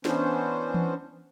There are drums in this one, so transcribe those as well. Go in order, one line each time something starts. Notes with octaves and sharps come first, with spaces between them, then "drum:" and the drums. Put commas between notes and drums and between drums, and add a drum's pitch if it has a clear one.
E3 B3 C#4 D4 C5, drum: snare
drum: tom E3